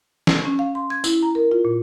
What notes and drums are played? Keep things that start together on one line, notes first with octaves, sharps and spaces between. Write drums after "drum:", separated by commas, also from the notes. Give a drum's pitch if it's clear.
drum: snare
C#4
F5
C6
G#6
E4, drum: tambourine
A#5
A#4
F4
A#2